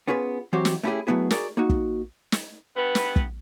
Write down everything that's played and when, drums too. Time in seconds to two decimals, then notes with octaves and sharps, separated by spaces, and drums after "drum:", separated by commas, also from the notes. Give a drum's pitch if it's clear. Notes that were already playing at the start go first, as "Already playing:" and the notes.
0.08 B3 C#4 F4 G#4 B4
0.53 E3 F#3 C4 F#4 G4 C5
0.65 drum: snare
0.83 A3 C#4 E4 F4 G4 G#4
1.07 F#3 A3 B3 E4 G#4
1.30 F#4 G#4 A#4 D5, drum: snare
1.57 A#3 D#4 F#4
1.69 drum: kick
2.32 drum: snare
2.77 G2 B3 B4
2.95 drum: snare
3.16 drum: kick